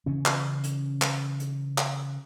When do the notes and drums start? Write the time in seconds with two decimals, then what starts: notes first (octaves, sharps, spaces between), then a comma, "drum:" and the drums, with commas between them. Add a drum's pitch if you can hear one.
0.06 C#3 E3 C#4
0.25 drum: clap
0.64 drum: hi-hat
1.02 drum: clap
1.40 drum: hi-hat
1.78 drum: clap